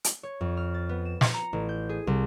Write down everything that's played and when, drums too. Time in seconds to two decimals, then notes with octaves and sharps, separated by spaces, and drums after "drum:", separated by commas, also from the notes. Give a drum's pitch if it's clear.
0.04 drum: hi-hat
0.23 C#5
0.41 F2
0.57 F6
0.74 A6
0.89 B3
1.05 E7
1.21 C#7, drum: snare
1.34 A#5
1.53 A1
1.69 G6
1.89 G#4
2.07 C2